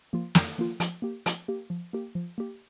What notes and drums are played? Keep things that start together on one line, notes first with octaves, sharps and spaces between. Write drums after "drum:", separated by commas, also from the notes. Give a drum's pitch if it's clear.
F3 A#3 F4
F2, drum: snare
F3 A#3 F4
F3, drum: hi-hat
A#3 G4
F3, drum: hi-hat
A#3 G4
F3
A#3 G4
F3
A#3 G4